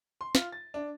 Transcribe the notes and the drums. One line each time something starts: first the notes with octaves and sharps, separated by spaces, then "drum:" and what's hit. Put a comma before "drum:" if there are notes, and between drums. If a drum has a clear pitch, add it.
C6
F4, drum: snare
A6
D4